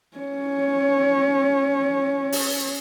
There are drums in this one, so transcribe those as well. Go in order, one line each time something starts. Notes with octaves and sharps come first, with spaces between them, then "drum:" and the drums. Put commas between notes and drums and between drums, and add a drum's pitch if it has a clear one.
C#4 C#5
drum: open hi-hat